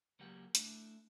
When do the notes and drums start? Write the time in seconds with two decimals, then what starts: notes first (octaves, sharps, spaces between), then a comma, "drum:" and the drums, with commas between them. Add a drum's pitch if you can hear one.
0.19 C#2 F#3 G3 A#3 G4 F#5
0.55 A3 D4 E4, drum: hi-hat